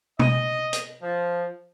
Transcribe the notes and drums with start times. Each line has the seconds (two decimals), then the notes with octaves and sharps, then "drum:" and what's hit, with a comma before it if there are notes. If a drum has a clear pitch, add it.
0.19 D#5, drum: tom
0.73 drum: hi-hat
1.01 F3